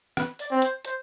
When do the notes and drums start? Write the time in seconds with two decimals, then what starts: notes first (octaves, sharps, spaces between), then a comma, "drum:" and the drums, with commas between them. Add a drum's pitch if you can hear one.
0.17 B4, drum: rim click
0.39 D5, drum: open hi-hat
0.51 C4
0.62 C5, drum: hi-hat
0.85 C5, drum: hi-hat